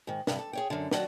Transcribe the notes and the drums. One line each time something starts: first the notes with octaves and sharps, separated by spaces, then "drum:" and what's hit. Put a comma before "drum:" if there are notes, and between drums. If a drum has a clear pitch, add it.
G#2 D#3
G2 C3, drum: snare
A4
G#4 C#5 G5
F#2 D3
D#3 F#3 D4 F#4, drum: snare